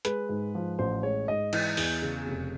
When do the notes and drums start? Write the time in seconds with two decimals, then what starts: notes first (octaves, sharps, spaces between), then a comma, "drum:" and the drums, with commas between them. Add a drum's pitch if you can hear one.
0.05 G#3 B4, drum: hi-hat
0.29 G#2
0.55 F3
0.79 A1 C5
1.03 G#3 C#5
1.28 G#2 D#5
1.53 E3, drum: cymbal
1.77 E2, drum: open hi-hat
2.02 C#3
2.26 F1